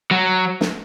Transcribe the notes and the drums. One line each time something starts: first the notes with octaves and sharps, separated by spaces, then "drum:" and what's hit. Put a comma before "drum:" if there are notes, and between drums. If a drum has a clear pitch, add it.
F#3
drum: snare